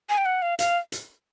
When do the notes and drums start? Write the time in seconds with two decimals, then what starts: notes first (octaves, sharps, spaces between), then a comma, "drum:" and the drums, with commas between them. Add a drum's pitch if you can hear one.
0.09 G#5
0.18 G5
0.26 F#5
0.42 F5
0.59 F5, drum: hi-hat
0.92 drum: hi-hat